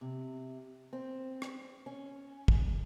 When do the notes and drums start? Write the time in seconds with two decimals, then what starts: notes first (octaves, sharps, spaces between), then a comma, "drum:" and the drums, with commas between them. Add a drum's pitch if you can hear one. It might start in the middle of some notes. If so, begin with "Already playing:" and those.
0.01 C3
0.93 C4
1.42 drum: rim click
1.86 C#4
2.48 drum: kick